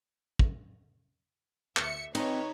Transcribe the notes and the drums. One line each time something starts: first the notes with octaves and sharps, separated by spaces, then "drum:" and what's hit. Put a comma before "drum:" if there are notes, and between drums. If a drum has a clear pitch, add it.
drum: kick
D2 E5 C#7, drum: clap
C4 D#4 B4 C#5 D#5, drum: cymbal